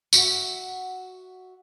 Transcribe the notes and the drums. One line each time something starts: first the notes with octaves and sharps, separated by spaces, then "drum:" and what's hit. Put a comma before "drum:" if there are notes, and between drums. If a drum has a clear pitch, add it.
F#4 E5 F#5, drum: tambourine